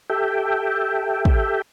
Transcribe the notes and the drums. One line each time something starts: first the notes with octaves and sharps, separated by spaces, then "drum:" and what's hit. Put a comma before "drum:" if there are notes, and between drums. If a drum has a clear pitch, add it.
G4 A4 E5 G5
drum: kick